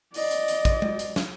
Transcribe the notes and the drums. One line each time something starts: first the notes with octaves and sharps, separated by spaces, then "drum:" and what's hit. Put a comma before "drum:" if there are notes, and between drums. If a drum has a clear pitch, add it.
D5 D#5, drum: open hi-hat
drum: hi-hat
drum: hi-hat
drum: kick, hi-hat
drum: tom G#3
drum: hi-hat
drum: snare